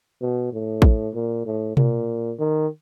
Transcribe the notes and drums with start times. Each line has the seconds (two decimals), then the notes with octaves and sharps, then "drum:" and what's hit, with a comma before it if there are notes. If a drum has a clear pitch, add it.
0.22 B2
0.53 A2
0.82 drum: kick
1.14 A#2
1.46 A2
1.77 A#2, drum: tom B2
2.39 D#3